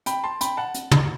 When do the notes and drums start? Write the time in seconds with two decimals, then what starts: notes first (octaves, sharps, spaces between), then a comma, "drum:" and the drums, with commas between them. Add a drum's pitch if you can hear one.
0.06 G5 B5, drum: hi-hat
0.24 A5 C6
0.41 G5 B5, drum: hi-hat
0.57 F#5 A5
0.74 drum: hi-hat
0.91 drum: tom